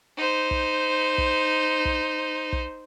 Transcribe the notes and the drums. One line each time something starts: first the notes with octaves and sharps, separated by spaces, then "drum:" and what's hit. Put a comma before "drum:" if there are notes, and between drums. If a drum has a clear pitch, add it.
D#4 C5
drum: kick
drum: kick
drum: kick
drum: kick